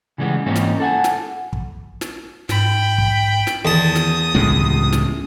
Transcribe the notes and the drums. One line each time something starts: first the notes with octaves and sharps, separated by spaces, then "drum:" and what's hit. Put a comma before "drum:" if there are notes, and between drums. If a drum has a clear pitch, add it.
C#3 E3 G3 G#3 B3
G#2 E3 A#3 C4 C#4 D#4
drum: snare
A4 F#5 G#5
drum: snare
drum: kick
drum: snare
G#2 G5 B5, drum: snare
drum: kick
drum: snare
E2 D#3 A5 D#6
drum: snare
C#2 A2 C3 C#4
drum: kick
drum: snare